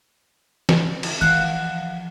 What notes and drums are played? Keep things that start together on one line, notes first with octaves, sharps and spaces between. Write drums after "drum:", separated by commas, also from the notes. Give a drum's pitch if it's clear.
drum: snare E3
drum: cymbal
E3 F3 F5 F#5 F#6